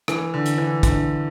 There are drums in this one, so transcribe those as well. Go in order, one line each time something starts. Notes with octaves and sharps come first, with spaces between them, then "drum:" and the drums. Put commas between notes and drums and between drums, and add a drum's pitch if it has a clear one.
E3, drum: rim click
D3
drum: hi-hat
E3
D3, drum: kick, hi-hat